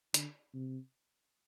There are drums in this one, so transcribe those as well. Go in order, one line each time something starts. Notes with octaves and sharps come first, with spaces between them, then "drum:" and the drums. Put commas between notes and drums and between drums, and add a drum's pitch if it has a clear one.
D3, drum: hi-hat
C3